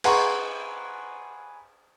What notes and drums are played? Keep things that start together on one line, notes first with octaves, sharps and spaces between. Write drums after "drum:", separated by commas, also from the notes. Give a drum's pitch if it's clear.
G#4 B4 F#5 A#5 C6 C#6, drum: cymbal